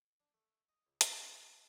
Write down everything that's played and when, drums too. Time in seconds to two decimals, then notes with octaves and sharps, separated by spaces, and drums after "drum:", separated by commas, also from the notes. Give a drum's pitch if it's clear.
0.20 D4
0.34 A3
0.69 D#5
0.87 C#2
1.01 G3, drum: hi-hat
1.24 F5
1.38 A#5
1.53 F4